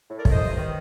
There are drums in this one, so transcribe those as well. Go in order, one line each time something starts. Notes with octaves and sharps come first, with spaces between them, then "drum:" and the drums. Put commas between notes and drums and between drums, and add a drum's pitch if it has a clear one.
A2
A#4 D5
A3, drum: kick
C5 D#5
G2
D#3